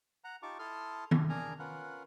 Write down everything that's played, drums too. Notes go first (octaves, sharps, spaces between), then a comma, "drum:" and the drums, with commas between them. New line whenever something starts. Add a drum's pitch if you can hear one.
F#5 A#5
D#4 F4 G4 A5 C#6 D6
E4 A4 A5 C6 D#6 F6
drum: tom D#3
D4 G#4 A#4 G#5 A#5
C#4 F4 A#4 B4 F#5